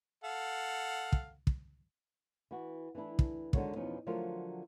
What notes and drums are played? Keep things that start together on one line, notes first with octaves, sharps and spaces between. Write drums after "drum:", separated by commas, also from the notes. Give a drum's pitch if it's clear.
A4 F5 F#5
drum: kick
drum: kick
E3 F#4
E3 A3 D4 E4
drum: kick
D3 D#3 G#3 A#3 F#4 C#5, drum: kick
E2 B2 F3 C#4 D#4
D3 F3 F#3 A3 F4 A#4